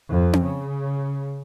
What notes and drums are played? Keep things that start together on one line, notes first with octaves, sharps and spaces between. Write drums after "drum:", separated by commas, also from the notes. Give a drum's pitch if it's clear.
F2
drum: tom C4
C#3